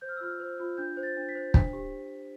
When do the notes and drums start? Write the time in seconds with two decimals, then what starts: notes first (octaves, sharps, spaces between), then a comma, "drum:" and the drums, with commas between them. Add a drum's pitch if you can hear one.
0.01 C5 G6
0.09 F6
0.17 E6
0.21 F4 F6
0.40 C5
0.60 F4
0.77 D4 G6
0.97 C5
1.03 A6
1.17 D4
1.29 B6
1.35 C5
1.54 D4 B6, drum: kick
1.73 G4